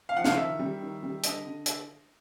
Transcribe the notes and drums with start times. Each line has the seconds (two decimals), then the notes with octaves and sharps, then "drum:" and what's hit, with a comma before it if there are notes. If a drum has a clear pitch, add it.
0.09 F5
0.16 F3 F#5
0.24 F5, drum: snare
0.37 D#3 E5
0.59 G3
0.81 D#3
1.03 G3
1.23 D3 D#5, drum: hi-hat
1.45 D3
1.66 drum: hi-hat